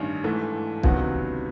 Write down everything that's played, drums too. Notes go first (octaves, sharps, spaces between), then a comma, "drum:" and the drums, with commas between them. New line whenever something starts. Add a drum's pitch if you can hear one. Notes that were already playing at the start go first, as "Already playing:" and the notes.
Already playing: A1 G2 D#3
G#2 E3 A3
C#2 C3 D#3 F#3 B3, drum: kick